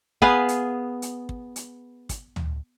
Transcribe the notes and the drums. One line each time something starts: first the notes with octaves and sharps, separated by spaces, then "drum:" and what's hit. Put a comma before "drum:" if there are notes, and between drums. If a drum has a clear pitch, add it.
B3 G#4 B4 F5, drum: kick
drum: hi-hat
drum: hi-hat
drum: kick
drum: hi-hat
drum: kick, hi-hat
drum: tom